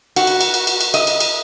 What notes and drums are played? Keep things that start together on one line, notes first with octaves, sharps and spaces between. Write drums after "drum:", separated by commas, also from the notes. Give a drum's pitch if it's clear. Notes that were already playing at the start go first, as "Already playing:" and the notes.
F#4, drum: cymbal
drum: cymbal
drum: cymbal
drum: cymbal
drum: cymbal
drum: cymbal
D#5, drum: cymbal
drum: cymbal
drum: cymbal